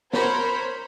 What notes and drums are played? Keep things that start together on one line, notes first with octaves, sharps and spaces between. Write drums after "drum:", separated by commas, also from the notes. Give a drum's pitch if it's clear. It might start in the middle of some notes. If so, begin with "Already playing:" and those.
A#4 C5 C#5 B5, drum: snare